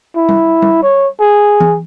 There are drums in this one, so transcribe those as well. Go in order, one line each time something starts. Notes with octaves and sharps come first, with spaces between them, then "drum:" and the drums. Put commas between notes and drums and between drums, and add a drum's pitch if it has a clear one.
E4
drum: tom G3
drum: tom G3
C#5
G#4
drum: tom E3